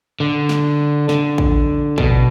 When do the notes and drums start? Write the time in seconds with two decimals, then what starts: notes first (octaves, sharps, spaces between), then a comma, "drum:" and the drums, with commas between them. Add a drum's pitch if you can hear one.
0.20 D3
0.49 drum: snare
1.09 D3, drum: snare
1.38 drum: kick A#1
1.98 B2, drum: kick A#1